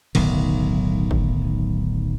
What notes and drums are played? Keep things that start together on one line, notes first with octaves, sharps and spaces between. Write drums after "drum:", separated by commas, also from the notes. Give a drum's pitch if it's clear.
D1 B1 D#3, drum: cymbal
drum: kick